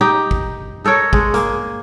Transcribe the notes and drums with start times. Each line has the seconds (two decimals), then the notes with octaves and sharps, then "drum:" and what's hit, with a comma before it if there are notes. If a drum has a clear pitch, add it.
0.01 D#4 G4
0.31 drum: kick
0.84 D#4 A4 A#4 C#5
1.13 G#3, drum: kick
1.34 A#3 G#4, drum: hi-hat